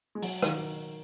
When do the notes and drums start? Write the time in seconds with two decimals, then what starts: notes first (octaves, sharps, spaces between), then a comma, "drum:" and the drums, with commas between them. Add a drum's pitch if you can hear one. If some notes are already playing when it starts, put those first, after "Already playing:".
0.15 G#3
0.22 F#3, drum: open hi-hat
0.42 D#3, drum: rim click